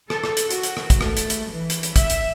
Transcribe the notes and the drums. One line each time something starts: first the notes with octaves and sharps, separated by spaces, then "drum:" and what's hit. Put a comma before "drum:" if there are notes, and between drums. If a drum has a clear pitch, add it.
A4, drum: rim click
drum: rim click
drum: hi-hat
F#4, drum: hi-hat
drum: hi-hat
drum: rim click
drum: kick, hi-hat
A3, drum: rim click
drum: hi-hat
drum: hi-hat
E3
drum: hi-hat
drum: hi-hat
E5, drum: kick, hi-hat
drum: hi-hat